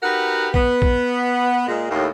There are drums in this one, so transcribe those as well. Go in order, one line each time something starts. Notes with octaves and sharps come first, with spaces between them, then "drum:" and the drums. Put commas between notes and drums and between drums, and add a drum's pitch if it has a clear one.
D#4 F#4 G4 A#4 B4 F#5
B3, drum: kick A#1
drum: kick A#1
A#2 G#3
D#2 A2